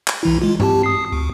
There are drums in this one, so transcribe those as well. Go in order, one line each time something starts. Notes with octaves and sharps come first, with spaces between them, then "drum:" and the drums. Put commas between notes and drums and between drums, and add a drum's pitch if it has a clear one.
drum: clap
B1 E3 E4
G#3 F4
C4 G4 A5, drum: tom G2
D#6 C7
D2